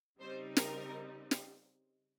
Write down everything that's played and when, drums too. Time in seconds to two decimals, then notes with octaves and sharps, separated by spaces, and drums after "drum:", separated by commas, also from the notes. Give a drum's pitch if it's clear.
0.20 C#3 G3 C4 D#4 C5
0.57 A#4, drum: snare
1.31 drum: snare